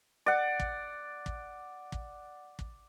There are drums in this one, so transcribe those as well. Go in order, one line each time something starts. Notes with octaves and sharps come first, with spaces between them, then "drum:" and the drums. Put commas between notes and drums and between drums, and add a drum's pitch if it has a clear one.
D5 F#5
drum: kick
drum: kick
drum: kick
drum: kick